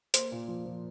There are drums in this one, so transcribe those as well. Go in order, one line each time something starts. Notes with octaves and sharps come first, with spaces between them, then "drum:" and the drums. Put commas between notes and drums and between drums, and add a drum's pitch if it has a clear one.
A#3 C5, drum: hi-hat
A#2
F3
F3